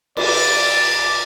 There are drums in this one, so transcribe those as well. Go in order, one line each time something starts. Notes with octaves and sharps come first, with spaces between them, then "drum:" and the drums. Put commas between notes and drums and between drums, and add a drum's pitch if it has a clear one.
D5, drum: cymbal